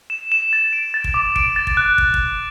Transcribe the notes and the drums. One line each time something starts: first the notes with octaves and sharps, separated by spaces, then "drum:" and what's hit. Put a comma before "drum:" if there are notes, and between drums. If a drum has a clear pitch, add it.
E7
E7
A6
D7
A6
drum: kick
D6
D7, drum: kick
A6
drum: kick
F#6
drum: kick
drum: kick